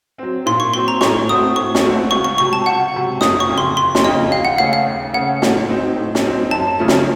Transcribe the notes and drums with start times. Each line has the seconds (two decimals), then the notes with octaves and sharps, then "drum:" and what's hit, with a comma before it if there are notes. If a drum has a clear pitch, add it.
0.18 F#3 C4
0.46 A#2 C6
0.60 C#6
0.74 F#3 C4 C6
0.88 A#5
1.01 A2 C#6, drum: snare
1.29 A3 C4 F#4 D#6
1.56 A2 C#6
1.75 drum: snare
1.84 A3 C4 F#4
2.11 C#2 C#6
2.24 C#6
2.38 C3 F#3 C#6
2.53 A5
2.66 C#2 F#5
2.94 C3 F#3
3.21 F#1 D#6, drum: snare
3.40 C#6
3.49 F2 C#3
3.58 C6
3.76 F#1 C6
3.95 drum: snare
4.04 F2 C#3 D#5
4.31 D#2 F5
4.45 F#5
4.58 C#3 A3 C#4 F5
4.73 F5
4.86 D#2
5.13 C#3 A3 C#4 F#5
5.42 A2, drum: snare
5.68 F#3 C4 D#4
5.96 A2
6.15 drum: snare
6.24 F#3 C4 D#4
6.51 F#2 A5
6.79 C#3 F3 A3
6.88 drum: snare